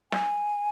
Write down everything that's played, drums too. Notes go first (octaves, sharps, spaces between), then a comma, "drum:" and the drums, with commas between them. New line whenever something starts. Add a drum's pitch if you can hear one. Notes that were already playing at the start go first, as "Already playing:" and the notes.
G#5, drum: snare